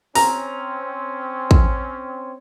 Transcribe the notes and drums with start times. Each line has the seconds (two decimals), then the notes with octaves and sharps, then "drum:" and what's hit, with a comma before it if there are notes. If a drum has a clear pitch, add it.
0.15 C4 C#4 A#5, drum: open hi-hat
1.51 drum: kick